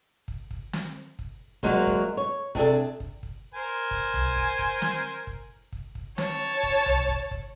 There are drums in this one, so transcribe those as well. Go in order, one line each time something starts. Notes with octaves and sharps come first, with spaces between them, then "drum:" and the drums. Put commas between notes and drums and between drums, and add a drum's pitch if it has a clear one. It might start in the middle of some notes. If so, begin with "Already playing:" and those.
drum: kick
drum: kick
drum: snare
drum: kick
D2 F#3 G#3 A#3, drum: kick
drum: kick
C#5
C3 D4 G#4 A4, drum: kick
drum: kick
drum: kick
A#4 C5 G#5
drum: kick
drum: tom C2
drum: kick
drum: kick
drum: snare
drum: kick
drum: kick
drum: kick
C#5 A5, drum: snare
drum: kick
drum: tom C2
drum: kick
drum: kick